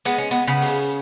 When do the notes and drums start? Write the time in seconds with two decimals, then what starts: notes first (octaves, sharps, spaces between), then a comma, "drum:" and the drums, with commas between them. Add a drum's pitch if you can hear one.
0.05 G#3 B3, drum: hi-hat
0.18 C#4
0.31 B3, drum: hi-hat
0.47 C#3 B3
0.61 drum: open hi-hat